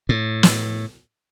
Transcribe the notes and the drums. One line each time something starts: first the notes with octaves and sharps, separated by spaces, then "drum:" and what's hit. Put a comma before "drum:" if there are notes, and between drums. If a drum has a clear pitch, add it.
A2
drum: snare